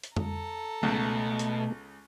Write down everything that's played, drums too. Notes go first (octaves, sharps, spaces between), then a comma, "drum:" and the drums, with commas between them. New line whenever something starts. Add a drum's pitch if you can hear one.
drum: hi-hat
A4 A#5, drum: tom
C#2 B2 A3
drum: hi-hat